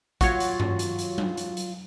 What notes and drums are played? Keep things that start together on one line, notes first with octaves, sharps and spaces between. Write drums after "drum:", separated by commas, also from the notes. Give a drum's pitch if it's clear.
F#3 F4 F#4 C#5, drum: kick, hi-hat
drum: hi-hat
drum: tom G2
drum: hi-hat
drum: hi-hat
drum: tom F#3
drum: hi-hat
drum: hi-hat